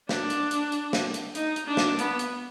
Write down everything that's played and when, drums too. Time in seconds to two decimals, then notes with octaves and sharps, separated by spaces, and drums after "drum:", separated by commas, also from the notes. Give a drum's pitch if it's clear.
0.09 D4, drum: snare
0.30 drum: hi-hat
0.51 drum: hi-hat
0.72 drum: hi-hat
0.93 drum: snare
1.14 drum: hi-hat
1.35 D#4, drum: hi-hat
1.56 drum: hi-hat
1.67 D4
1.77 drum: snare
1.99 B3, drum: hi-hat
2.19 drum: hi-hat